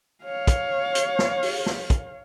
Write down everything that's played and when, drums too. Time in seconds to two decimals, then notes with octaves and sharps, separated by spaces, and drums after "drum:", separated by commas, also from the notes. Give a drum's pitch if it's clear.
0.24 C#5 F5
0.47 drum: kick, hi-hat
0.95 drum: hi-hat
1.19 drum: snare
1.43 drum: open hi-hat
1.66 drum: snare
1.90 drum: kick, hi-hat